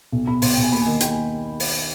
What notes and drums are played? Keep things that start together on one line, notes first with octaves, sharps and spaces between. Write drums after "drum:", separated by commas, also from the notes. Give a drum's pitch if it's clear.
B1
B1 B5
B1 C6, drum: open hi-hat
B1 G5
G#5
D#2 B5
G#5
D#3
D#2 G5, drum: hi-hat
G#5
drum: open hi-hat